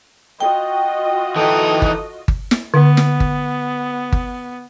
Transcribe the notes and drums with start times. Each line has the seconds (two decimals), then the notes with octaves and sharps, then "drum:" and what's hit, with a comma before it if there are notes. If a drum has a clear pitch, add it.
0.40 F4 F#4 D#5 G5
1.36 E3 D#4 A4 D#6
1.82 drum: kick G1
2.28 drum: kick G1
2.51 drum: snare
2.74 D3 B3
2.97 drum: snare
3.20 drum: kick G1
4.12 drum: kick G1